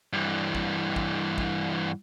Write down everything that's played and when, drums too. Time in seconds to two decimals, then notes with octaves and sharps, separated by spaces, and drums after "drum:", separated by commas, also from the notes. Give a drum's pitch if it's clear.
0.13 G2 E3
0.55 drum: kick
0.96 drum: kick
1.38 drum: kick